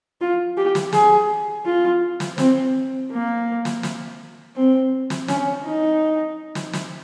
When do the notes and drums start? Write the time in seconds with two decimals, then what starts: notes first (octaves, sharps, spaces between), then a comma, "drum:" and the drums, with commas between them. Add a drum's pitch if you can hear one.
0.21 F4
0.57 G4
0.75 drum: snare
0.93 G#4, drum: snare
1.65 F4
2.20 drum: snare
2.38 C4, drum: snare
3.11 A#3
3.65 drum: snare
3.83 drum: snare
4.56 C4
5.10 drum: snare
5.28 C#4, drum: snare
5.65 D#4
6.55 drum: snare
6.73 drum: snare